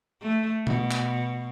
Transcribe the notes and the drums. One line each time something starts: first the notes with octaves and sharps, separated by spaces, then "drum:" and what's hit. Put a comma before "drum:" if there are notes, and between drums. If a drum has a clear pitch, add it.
A3
B2, drum: tom B2
drum: clap